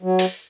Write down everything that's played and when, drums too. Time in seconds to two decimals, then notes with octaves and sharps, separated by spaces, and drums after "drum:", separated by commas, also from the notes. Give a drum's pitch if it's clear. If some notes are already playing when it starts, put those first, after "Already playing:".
0.03 F#3
0.19 drum: open hi-hat